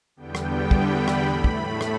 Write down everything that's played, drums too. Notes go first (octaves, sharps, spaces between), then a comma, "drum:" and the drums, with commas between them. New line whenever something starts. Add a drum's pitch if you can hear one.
E2 D3 G3 B3 G5
drum: rim click
B5, drum: kick
drum: rim click
A2 A3 B5
drum: kick
drum: rim click